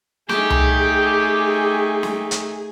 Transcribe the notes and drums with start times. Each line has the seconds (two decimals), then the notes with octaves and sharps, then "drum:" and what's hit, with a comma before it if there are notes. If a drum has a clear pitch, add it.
0.29 A3 D#4 G4 G#4, drum: snare
0.50 drum: tom C2
2.03 drum: snare
2.31 drum: hi-hat